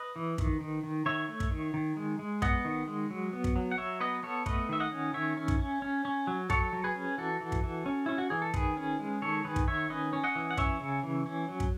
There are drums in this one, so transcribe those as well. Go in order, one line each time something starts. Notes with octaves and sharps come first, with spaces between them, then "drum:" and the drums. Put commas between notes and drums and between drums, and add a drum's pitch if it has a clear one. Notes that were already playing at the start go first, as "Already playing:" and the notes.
Already playing: B4 D#5
E3
D#3, drum: kick
D#3
D#3
D#3 C#5 E5
A3
drum: kick
D#3
D#3
G#3
G#3
B3 D#5 F#5, drum: kick
D#3
G#3
F#3
B3
drum: kick
F#3
F#5
F#3 C#5 E5
B3 B4 D#5
B3 A4 C#5
A3 B4 D#5, drum: kick
D#3 E5
D#5 F#5
C#4
D#3 C#5 E5
C#4
drum: kick
C#4
C#4
C#4
F#3
F#3 A4 C#5, drum: kick
F#3
G#4 B4
C#4
E3 F#4 A4
E3
drum: kick
E3
C#4
C#4 E4
F#4
E3 G#4
A4
D#3 G#4 B4, drum: kick
C#4
G#3
D#3 A4 C#5
D#3 G#4 B4
drum: kick
D#3 C#5 E5
C#4 B4 D#5
C#4
D#5 F#5
E3
F#5
C#4 C#5 E5, drum: kick
C#3
E3
C#4
F#3
drum: kick